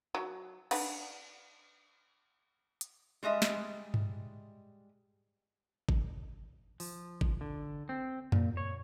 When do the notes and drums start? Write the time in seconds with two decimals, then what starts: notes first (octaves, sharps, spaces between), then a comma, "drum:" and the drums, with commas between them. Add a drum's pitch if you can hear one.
0.15 F#3
0.71 D4 B4 F#5, drum: cymbal
2.81 drum: hi-hat
3.23 G3 G#3 D#5 E5
3.42 drum: snare
3.94 drum: tom G2
5.89 drum: kick
6.80 F3, drum: open hi-hat
7.21 drum: kick
7.41 D3
7.89 C4
8.32 A#2, drum: tom F2
8.57 C#5